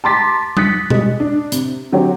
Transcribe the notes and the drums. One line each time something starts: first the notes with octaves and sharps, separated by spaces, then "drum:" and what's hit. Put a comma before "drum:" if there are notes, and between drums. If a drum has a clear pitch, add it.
A5 A#5 C6 D6 A6 B6
D#6 F#6 A6 B6 C#7, drum: tom G3
G3 G#3, drum: tom B2
D4
C3, drum: hi-hat
D3 F#3 C4 G4 C#5